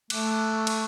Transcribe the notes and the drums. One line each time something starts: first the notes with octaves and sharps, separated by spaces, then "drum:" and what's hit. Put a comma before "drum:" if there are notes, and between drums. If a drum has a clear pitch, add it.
A3 D6 F#6, drum: cymbal
E6
D6 F#6
C#6 E6
drum: cymbal